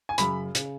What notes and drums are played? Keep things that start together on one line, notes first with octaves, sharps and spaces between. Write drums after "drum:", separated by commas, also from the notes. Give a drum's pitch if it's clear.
G#5
F#2 C#3 B5, drum: hi-hat
C#3, drum: hi-hat